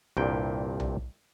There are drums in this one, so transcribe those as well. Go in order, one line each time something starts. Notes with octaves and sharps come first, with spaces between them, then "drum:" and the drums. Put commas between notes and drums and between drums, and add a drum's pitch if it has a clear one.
C2 G2 A#2 G5
drum: tom B1